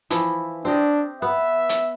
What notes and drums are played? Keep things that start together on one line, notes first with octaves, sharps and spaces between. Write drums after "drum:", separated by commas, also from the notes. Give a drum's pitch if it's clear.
E3 F3 E4, drum: hi-hat
C4 D4 G4 D#5
B3 E5
drum: hi-hat